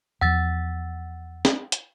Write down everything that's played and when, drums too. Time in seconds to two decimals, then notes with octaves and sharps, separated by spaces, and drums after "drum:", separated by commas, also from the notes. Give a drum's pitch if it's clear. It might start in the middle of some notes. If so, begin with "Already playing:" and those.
0.21 E2 F3 F#5 E6 A6
1.45 drum: snare
1.72 drum: hi-hat